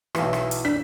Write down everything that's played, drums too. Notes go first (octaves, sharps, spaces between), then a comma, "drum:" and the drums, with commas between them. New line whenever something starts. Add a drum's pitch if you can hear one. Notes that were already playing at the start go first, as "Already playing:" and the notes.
B1 E3, drum: rim click
drum: rim click
drum: hi-hat
D4 B6